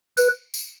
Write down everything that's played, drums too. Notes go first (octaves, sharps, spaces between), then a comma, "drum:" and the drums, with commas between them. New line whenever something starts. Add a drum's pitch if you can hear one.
B4, drum: tambourine
drum: tambourine